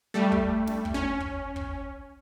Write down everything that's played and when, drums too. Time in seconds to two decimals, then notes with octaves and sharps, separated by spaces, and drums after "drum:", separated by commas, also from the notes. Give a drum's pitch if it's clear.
0.14 G3 A3
0.32 drum: kick
0.67 drum: snare
0.85 drum: kick
0.94 C#4
1.21 drum: kick
1.56 drum: kick